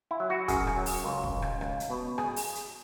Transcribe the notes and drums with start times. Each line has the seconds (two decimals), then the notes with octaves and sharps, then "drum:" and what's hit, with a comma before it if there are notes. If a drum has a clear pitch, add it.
0.11 E4
0.20 F#3
0.30 F#4
0.48 F#2 G#4, drum: kick, hi-hat
0.67 drum: rim click
0.76 F#3
0.86 drum: open hi-hat
1.04 C#2
1.23 drum: kick
1.33 C#2
1.42 drum: rim click
1.61 C#2, drum: rim click
1.80 drum: hi-hat
1.90 B2
2.18 G#4, drum: rim click
2.36 drum: open hi-hat
2.55 drum: hi-hat